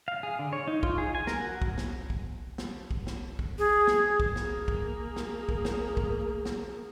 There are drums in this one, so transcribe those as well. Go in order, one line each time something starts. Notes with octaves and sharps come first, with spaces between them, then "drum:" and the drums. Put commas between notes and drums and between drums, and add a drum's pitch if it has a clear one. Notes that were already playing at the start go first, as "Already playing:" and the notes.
F5
G#4
D3
C#5
D#4
F4, drum: kick
G#4
G#5
A#4, drum: snare
F#4
drum: kick
drum: snare
drum: kick
drum: snare
drum: kick
drum: snare
drum: kick
G#4
drum: snare
drum: kick
A#3 G#4, drum: snare
drum: kick
drum: snare
drum: kick
drum: snare
drum: kick
drum: snare